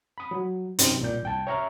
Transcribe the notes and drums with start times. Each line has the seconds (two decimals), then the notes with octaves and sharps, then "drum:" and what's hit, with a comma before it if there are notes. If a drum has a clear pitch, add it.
0.18 B5 D#6
0.31 F#3
0.79 F#2 C3 C4 D#4, drum: hi-hat
1.00 C2 A#2 D5 G6
1.23 C2 G5 A5
1.47 C#5 E5 A#5 C#6 F6